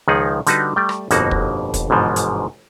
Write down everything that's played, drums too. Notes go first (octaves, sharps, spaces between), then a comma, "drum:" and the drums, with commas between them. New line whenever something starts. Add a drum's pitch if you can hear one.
C#2 D#3 F3 D#4 G#4 F#5
D3 G3 D#4 F#4 B4, drum: hi-hat
G3 A3 G5
drum: rim click
G1 F2 B2 A#3 D#4 F#4, drum: hi-hat
drum: kick
drum: kick, hi-hat
G1 G#2 B2 E3 F3
drum: hi-hat